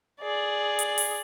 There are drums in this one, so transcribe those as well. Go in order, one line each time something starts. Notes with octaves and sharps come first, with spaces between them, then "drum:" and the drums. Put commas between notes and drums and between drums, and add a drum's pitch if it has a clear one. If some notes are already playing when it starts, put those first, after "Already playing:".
G#4 D5
drum: hi-hat
drum: open hi-hat